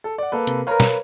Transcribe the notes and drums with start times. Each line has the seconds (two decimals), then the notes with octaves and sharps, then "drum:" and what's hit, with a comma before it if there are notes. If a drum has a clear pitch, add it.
0.04 A4
0.18 D5 F#5
0.32 A#3 A4 B4
0.47 C3, drum: hi-hat
0.67 A#4 B4 C#5 F5 A#5
0.80 drum: snare